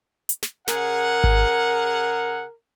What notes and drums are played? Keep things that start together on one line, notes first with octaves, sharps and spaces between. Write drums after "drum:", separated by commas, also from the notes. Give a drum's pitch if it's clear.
drum: hi-hat
drum: snare
C#3 G#4 A#4 F#5, drum: snare
drum: kick G#1